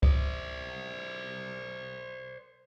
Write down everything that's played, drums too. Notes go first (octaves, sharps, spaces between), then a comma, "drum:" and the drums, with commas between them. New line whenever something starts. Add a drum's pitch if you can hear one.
C5 D5, drum: kick C#2